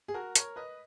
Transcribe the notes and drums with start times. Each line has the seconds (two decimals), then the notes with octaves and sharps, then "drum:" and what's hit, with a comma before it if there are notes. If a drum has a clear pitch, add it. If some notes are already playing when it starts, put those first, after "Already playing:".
0.08 G#4
0.14 F#4 A#4
0.35 A#4 C#5, drum: hi-hat
0.56 B4 D#5